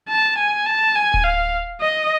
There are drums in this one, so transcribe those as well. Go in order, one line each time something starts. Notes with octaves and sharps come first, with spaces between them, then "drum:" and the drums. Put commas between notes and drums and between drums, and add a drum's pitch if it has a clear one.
A5
G#5
A5
G#5
drum: kick D1
F5
D#5